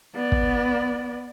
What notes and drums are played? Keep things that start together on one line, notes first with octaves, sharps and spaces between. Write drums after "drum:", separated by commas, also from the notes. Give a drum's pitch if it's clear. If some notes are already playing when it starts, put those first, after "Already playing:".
B3 D5
drum: kick